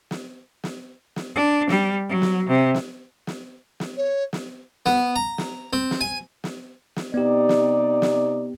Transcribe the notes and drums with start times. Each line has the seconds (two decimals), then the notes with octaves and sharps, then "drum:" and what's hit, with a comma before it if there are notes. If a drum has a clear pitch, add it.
0.11 drum: snare
0.64 drum: snare
1.16 drum: snare
1.35 D4
1.69 G3, drum: snare
2.10 F#3
2.22 drum: snare
2.49 C3
2.75 drum: snare
3.27 drum: snare
3.80 drum: snare
3.96 C#5
4.33 drum: snare
4.86 B3, drum: snare
5.16 A#5
5.38 drum: snare
5.73 C4
5.91 drum: snare
6.01 G#5
6.44 drum: snare
6.96 drum: snare
7.14 C3 B3 D#4 G4 D5
7.49 drum: snare
8.02 drum: snare